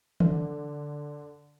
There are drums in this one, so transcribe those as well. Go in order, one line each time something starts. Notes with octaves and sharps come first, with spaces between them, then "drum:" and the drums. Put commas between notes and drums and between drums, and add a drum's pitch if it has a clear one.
D3, drum: tom D#3